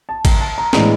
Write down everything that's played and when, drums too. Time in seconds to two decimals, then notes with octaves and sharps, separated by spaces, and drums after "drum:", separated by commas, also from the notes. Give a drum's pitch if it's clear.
0.09 A5
0.25 A#5, drum: kick, cymbal
0.41 A5
0.58 A#5
0.73 A2 E3 G#3 B3 D4 A#5, drum: snare